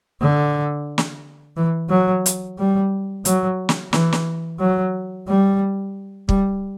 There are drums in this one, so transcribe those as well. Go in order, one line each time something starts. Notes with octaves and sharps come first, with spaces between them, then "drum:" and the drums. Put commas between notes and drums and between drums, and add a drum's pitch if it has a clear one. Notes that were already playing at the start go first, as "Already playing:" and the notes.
D3
drum: snare
E3
F#3
drum: hi-hat
G3
F#3, drum: hi-hat
drum: snare
E3, drum: snare
drum: snare
F#3
G3
G3, drum: kick